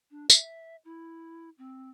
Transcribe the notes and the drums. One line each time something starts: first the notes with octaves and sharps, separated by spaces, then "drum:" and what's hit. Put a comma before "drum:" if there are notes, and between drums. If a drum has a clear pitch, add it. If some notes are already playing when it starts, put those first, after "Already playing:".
D4
E5, drum: tambourine
E4
C4